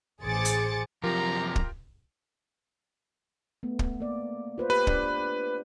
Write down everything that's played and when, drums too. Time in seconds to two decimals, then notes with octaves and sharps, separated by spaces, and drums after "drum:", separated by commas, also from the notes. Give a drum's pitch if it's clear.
0.21 A1 G#4 C5 D6 A6 C#7
0.45 drum: hi-hat
1.04 F#2 C3 F3 F4 G4 A#4 A#5
1.56 drum: kick
3.63 A3 B3
3.79 drum: kick
4.00 A#3 D5
4.58 F4 B4 C5
4.70 G4 B4
4.87 D4 D5, drum: kick